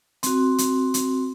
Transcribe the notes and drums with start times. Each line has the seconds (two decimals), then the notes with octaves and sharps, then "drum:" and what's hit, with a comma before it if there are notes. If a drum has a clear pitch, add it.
0.23 C4 F#4, drum: hi-hat
0.58 drum: hi-hat
0.94 drum: hi-hat